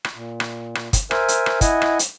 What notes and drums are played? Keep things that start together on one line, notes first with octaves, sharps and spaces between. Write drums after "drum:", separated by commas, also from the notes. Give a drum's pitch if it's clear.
drum: rim click
A#2
drum: rim click
drum: rim click
drum: kick, hi-hat
A#4 C5 E5 G#5, drum: rim click
drum: hi-hat
drum: rim click
E4 D#5 F#5 G#5, drum: kick, hi-hat
drum: rim click
drum: hi-hat